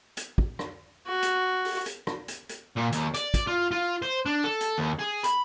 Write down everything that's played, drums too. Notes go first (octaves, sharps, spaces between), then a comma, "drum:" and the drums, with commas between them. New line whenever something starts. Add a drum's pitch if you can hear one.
drum: hi-hat
drum: kick
drum: rim click
F#4
drum: hi-hat
drum: open hi-hat
drum: hi-hat
drum: rim click
drum: hi-hat
drum: hi-hat
A#2
D#2, drum: hi-hat
D5, drum: hi-hat
drum: kick, hi-hat
F4
F4
C5
D4
A4
drum: hi-hat
D#2
G#4
B5, drum: hi-hat